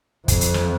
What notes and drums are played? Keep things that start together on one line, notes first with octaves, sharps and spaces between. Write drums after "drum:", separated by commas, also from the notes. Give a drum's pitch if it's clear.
F2, drum: kick, hi-hat
drum: hi-hat
drum: snare